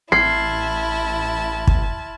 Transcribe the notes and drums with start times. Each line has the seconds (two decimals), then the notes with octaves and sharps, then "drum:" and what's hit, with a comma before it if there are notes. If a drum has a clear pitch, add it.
0.12 A1 E4 A5 C6 F6 G#6 C7
1.67 drum: kick